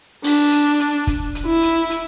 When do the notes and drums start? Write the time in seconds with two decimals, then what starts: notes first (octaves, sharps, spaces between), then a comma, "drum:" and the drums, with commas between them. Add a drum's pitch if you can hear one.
0.24 D4, drum: open hi-hat
0.52 drum: hi-hat
0.80 drum: hi-hat
1.07 drum: kick, hi-hat
1.35 drum: hi-hat
1.47 E4
1.63 drum: hi-hat
1.90 drum: hi-hat